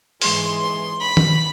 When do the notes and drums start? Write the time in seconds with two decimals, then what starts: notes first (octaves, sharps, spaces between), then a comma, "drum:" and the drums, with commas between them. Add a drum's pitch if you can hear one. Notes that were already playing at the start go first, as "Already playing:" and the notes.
0.22 G#2 E3 G#3 C6, drum: open hi-hat
0.61 C6
1.01 B5
1.17 drum: tom D#3